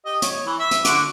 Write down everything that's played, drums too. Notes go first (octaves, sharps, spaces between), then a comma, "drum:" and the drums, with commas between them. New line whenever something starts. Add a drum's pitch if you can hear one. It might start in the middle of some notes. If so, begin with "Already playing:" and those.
G4 D#5
C#5, drum: hi-hat
E3
E5
drum: hi-hat
D3 F#4 D6, drum: hi-hat